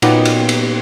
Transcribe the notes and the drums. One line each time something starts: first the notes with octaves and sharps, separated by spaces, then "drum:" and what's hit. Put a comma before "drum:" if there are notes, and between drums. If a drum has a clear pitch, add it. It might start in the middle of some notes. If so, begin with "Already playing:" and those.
A#2 F#3 B3 D#4 G4, drum: cymbal
drum: cymbal
drum: cymbal